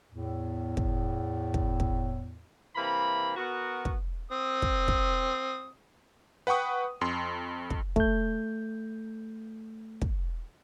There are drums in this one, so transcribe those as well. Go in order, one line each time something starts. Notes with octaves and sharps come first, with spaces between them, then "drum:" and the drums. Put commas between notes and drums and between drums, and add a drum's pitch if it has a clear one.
E2 A2
drum: kick
drum: kick
drum: kick
C3 E3 A#3 B5
B3 F#4 A#4
drum: kick
C4 D#6
drum: kick
drum: kick
B4 F#5 G5 C#6 D#6
F2 C6
drum: kick
A3 G6, drum: kick
drum: kick